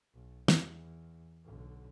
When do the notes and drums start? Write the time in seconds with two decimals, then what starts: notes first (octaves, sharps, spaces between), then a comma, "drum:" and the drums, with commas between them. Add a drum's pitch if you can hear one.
0.14 B1
0.48 E2, drum: snare
1.44 B1 D3